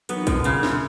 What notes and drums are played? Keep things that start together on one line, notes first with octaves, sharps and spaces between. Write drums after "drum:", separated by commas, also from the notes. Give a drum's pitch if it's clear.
F#3 B3, drum: hi-hat
E3
D#3
F#2, drum: kick, hi-hat
B2
A#2 C#3, drum: hi-hat
F#2, drum: snare